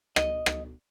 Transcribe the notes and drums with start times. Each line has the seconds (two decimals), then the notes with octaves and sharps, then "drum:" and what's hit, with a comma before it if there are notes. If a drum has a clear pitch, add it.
0.16 D#5, drum: rim click
0.46 drum: rim click